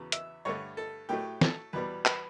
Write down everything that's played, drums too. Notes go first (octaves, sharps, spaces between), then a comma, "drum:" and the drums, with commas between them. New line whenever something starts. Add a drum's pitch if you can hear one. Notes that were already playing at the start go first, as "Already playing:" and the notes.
Already playing: E2 C#3 F#3 B3
E5, drum: hi-hat
G2 D3 A3 C#5
A4
A2 F#3 A3 G4
A4, drum: snare
E2 B2 G3 B3 B4
B4, drum: clap